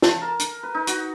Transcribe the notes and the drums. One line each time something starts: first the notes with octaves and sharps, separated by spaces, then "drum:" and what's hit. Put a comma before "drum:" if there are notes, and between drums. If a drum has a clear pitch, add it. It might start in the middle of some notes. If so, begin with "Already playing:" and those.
A5, drum: snare
A#4
drum: hi-hat
B4
D#4
F#4, drum: hi-hat